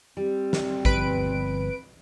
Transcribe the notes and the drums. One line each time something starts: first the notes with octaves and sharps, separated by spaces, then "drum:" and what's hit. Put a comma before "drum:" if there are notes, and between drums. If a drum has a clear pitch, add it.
G3 C4
drum: snare
G1 F3 B4 D7, drum: kick A1